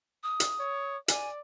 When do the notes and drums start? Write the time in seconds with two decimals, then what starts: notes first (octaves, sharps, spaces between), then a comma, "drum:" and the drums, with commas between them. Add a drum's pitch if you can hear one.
0.23 D#6
0.40 drum: hi-hat
0.60 C#5
1.08 D5 G#5, drum: hi-hat